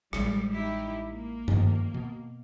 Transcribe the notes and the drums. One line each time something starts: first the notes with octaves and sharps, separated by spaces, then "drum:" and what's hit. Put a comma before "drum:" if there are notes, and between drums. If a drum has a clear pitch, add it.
A1 G3 G#3, drum: rim click
D#4 E4 G4
A#3
F#2 D#3 F3, drum: tom G2
B2